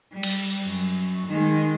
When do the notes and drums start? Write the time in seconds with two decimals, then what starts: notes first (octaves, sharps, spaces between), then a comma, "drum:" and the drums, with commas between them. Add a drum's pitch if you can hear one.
0.13 G3
0.23 drum: cymbal
0.66 F#2
1.27 D#3 G#3